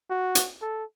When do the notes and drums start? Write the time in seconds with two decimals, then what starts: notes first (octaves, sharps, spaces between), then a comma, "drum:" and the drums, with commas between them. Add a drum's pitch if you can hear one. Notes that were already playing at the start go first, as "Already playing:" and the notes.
0.10 F#4
0.35 drum: hi-hat
0.62 A4